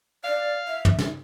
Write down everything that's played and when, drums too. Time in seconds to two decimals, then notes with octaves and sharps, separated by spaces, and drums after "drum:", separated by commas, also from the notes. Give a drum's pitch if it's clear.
0.24 D5 F5
0.68 E5
0.85 drum: tom
0.98 drum: snare